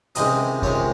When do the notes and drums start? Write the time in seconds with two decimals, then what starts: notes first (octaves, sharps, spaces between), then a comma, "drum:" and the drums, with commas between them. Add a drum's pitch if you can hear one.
0.15 C#2 C3 D#3 G#3 D#5, drum: hi-hat
0.62 C#2 C3 D#3 G#3 C#5, drum: kick